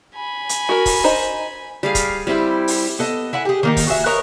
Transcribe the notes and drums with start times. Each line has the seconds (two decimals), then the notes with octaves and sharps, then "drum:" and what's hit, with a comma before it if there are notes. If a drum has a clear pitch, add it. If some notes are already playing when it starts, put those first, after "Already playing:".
0.15 G#5 B5
0.49 drum: hi-hat
0.69 F#4 A#4
0.86 drum: kick, open hi-hat
1.04 D#4 C5 D#5
1.83 G3 G#4 F5
1.95 drum: kick, hi-hat
2.27 G3 C4 E4 G4
2.68 drum: open hi-hat
2.99 B3 A4 D#5
3.33 E4 E5 F#5 G#5
3.45 G4 G#4
3.63 D#3 A#3 D#4
3.77 drum: kick, open hi-hat
3.87 F#4 G#4 E5
4.06 A#4 B4 C#5 D#5